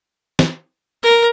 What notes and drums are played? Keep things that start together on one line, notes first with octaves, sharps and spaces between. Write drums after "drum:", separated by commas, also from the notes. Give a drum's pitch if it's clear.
drum: snare
A#4